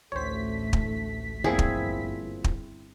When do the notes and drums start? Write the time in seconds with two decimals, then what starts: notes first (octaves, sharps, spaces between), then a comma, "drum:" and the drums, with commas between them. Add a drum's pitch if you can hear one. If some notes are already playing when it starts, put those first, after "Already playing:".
0.12 A1 D2 A2 A3 C5 C#5 B6
0.73 drum: kick
1.44 G1 A#2 F3 C4 E4 G#4
1.59 drum: kick
2.44 drum: kick